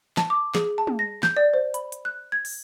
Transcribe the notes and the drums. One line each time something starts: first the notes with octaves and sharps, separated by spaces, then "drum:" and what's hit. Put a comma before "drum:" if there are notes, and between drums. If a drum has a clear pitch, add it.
A5, drum: snare
D6
G#4, drum: snare
A5
drum: tom
A#6
G6, drum: snare
D5
C5
B5, drum: hi-hat
drum: hi-hat
F#6
G#6
drum: open hi-hat